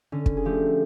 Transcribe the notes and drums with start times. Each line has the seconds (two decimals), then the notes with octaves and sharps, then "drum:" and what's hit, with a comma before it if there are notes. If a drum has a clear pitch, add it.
0.12 D3 C#4
0.26 drum: kick
0.37 G#4
0.45 F3 A3 G4